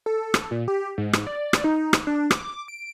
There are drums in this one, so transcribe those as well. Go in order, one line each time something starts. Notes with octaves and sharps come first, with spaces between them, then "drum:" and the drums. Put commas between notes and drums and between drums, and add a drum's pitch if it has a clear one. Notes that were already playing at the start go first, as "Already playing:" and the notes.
A4
drum: rim click
A#2
G4
G#2
drum: rim click
D5
drum: rim click
D#4
drum: rim click
D4
D6, drum: rim click
D7